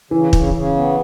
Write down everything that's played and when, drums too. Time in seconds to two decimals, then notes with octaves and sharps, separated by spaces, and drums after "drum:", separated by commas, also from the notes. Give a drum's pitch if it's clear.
0.11 C#3 E3
0.33 C#3, drum: kick
0.54 C#3
0.76 B3